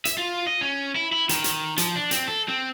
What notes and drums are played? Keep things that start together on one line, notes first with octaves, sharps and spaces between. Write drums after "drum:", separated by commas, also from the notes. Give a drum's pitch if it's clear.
E5, drum: hi-hat
F4
D#5
C#4
E4
E4
D#3, drum: hi-hat
drum: hi-hat
F3, drum: hi-hat
D4
C4, drum: hi-hat
A4
C4